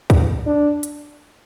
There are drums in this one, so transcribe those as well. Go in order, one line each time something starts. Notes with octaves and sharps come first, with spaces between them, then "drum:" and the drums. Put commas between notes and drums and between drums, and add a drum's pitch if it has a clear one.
drum: kick, hi-hat
D4
drum: hi-hat